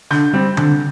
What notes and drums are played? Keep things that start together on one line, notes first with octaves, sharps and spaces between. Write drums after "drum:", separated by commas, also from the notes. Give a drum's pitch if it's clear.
D3 G6, drum: snare
G3 C4
D3, drum: tom D3